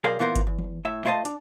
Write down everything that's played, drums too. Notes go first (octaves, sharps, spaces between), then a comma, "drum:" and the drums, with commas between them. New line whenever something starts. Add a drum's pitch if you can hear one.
B1 G#4 A#4 C5 D5 F5
A#2 E3 B3 F4 A#4 C5
drum: kick G1, hi-hat
E2
drum: tom E3
A2 E5
A3 E4 F4 C5 D#5 A5
D4, drum: hi-hat